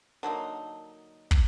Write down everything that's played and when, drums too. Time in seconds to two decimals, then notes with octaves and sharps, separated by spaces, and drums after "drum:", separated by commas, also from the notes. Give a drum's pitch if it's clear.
0.23 D3 F#3 A#3 D#4
1.31 drum: kick